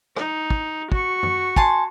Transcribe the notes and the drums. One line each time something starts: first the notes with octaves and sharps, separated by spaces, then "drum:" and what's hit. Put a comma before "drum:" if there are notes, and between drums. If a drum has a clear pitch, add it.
D#4, drum: rim click
drum: kick
F#4 C#6, drum: kick
drum: tom F#2
G#5 A5 C6, drum: kick